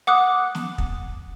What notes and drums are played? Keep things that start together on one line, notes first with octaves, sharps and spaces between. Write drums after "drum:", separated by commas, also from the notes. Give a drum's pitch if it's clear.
F#5 D6 D#6 F#6
drum: snare
drum: kick